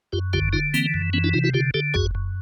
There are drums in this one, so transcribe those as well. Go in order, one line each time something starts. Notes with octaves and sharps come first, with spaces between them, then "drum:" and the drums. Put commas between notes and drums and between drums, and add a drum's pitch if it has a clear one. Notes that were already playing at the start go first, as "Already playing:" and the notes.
F#2 F4 G4
D3 F4 G4, drum: kick
D3 D#4 F4
E3 A#3 C4, drum: hi-hat
F#2
E3 B3 C#4
D4 E4
C3 D#4 F4
E4 F#4
D3 F4 G4
D3 G4 A4
F#2 F#4 G#4, drum: kick
F#2